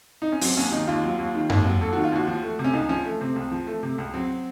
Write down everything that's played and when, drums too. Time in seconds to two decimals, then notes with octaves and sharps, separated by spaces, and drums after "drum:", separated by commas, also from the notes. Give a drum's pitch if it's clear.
0.22 D#4
0.32 C#4
0.41 F#3 C4, drum: open hi-hat
0.56 D#2 C#4
0.72 D#3 D#4
0.87 D#2 F4
1.04 F#3
1.19 D#2
1.35 D#3
1.50 D#2, drum: tom F#2
1.65 F#3
1.81 D#2 A4
1.93 D#3 F#4
2.04 F4
2.12 D#2 F#4
2.27 F3
2.43 A3
2.59 C3
2.64 C#4
2.73 C#2 D#4
2.89 F3 C#4
3.06 A3
3.21 C3 C4
3.36 C#2
3.52 F3
3.67 A3
3.83 C3
3.98 C#2
4.14 F#3 C4